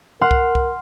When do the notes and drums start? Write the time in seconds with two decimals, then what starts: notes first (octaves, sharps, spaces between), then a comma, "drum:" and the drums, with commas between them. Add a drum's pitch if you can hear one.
0.21 A#4 F#5 C6 F6
0.31 drum: kick C2
0.55 drum: kick C2